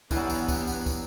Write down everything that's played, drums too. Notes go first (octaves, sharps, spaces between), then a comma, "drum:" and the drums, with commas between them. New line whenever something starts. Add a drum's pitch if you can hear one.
G2 E3 F#3 B3 A5 A#5, drum: kick, tambourine
drum: tambourine
drum: kick, tambourine
drum: tambourine
drum: kick, tambourine